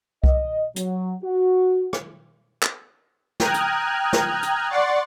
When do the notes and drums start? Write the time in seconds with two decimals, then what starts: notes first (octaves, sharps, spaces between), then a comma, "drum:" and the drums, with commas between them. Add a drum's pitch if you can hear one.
0.24 D#5, drum: kick C2
0.76 F#3, drum: hi-hat
1.23 F#4
1.93 drum: rim click
2.63 drum: clap
3.40 G5 A#5 D#6 F6 F#6 G#6, drum: snare
3.54 drum: hi-hat
4.13 drum: snare
4.43 drum: hi-hat
4.70 D5 F#5 C6 C#6 A6